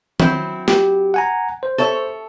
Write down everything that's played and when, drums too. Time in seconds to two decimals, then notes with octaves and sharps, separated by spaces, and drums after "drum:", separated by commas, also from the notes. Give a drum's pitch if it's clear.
0.20 F#3 C4 E4, drum: tom D#3
0.68 G4, drum: snare
1.14 F#5 G#5 A#5
1.63 C5
1.78 A4 C#5 E5